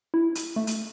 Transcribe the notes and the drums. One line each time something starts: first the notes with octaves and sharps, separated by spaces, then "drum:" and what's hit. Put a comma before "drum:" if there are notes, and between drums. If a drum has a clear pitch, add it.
E4
drum: hi-hat
A3
drum: hi-hat